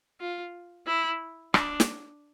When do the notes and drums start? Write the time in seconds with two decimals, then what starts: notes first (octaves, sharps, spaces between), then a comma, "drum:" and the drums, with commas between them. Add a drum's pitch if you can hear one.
0.20 F4
0.87 E4
1.54 D4, drum: rim click
1.80 drum: snare